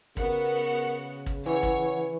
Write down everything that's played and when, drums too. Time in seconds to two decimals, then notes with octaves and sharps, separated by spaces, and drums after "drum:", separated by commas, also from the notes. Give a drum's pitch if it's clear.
0.17 C#3 B3 F#4 A#4 F#5, drum: kick
1.26 drum: kick
1.46 E3 C#5 F#5
1.63 drum: kick